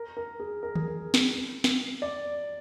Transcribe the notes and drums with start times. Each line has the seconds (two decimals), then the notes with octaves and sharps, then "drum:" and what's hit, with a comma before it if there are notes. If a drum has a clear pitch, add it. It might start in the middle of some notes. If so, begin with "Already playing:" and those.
Already playing: A#4
0.17 A#4
0.40 G#4
0.63 A#4
0.75 G#4, drum: tom D#3
0.88 A#4
1.14 drum: snare
1.64 drum: snare
2.02 D5